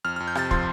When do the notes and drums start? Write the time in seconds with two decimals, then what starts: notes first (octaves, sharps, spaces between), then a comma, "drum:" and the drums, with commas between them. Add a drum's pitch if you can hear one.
0.05 F2 F6
0.16 F2 F6
0.28 G6
0.35 C3 A6, drum: rim click
0.51 F3 C6, drum: kick